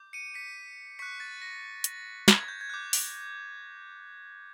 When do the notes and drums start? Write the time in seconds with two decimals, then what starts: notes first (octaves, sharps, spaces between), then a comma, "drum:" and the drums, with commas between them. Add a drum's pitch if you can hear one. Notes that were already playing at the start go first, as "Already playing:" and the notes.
Already playing: D6 G6
0.13 C#7 D#7
0.34 B6 C#7
0.99 C#6 F#6 B6 C#7
1.20 A6
1.42 A#6
1.84 A6, drum: hi-hat
2.28 G#6, drum: snare
2.48 G6
2.61 G#6
2.70 D6 F#6 G6
2.93 drum: open hi-hat